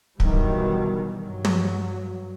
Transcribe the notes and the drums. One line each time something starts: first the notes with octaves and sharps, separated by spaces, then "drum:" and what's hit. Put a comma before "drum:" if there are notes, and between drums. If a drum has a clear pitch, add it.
B2 D#3 E3 F#3 G3, drum: kick
G2 F#3
drum: tom